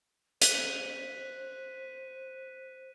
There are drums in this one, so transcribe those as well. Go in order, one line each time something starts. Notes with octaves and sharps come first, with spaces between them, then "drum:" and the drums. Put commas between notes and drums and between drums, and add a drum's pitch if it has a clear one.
C5 F#6 B6 D#7, drum: hi-hat